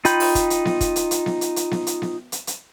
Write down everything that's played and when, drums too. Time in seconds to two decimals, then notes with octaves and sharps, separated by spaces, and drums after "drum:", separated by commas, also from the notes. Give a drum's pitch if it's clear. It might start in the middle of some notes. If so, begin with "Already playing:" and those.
0.05 D#4 F4 G5 B5 G6, drum: hi-hat
0.20 drum: open hi-hat
0.35 drum: kick, hi-hat
0.50 drum: hi-hat
0.65 drum: snare B3
0.81 drum: kick, hi-hat
0.96 drum: hi-hat
1.11 drum: hi-hat
1.26 drum: snare B3
1.41 drum: hi-hat
1.56 drum: hi-hat
1.71 drum: snare B3
1.87 drum: hi-hat
2.02 drum: snare B3
2.32 drum: hi-hat
2.47 drum: hi-hat